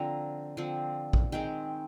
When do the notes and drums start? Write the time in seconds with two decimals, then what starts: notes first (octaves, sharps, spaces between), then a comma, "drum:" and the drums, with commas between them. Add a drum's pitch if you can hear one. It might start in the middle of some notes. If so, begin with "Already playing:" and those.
Already playing: D3 F3 C4 A#5
0.57 D3 F3 C4
1.13 drum: kick A#1
1.32 D#3 G#3 C4 G5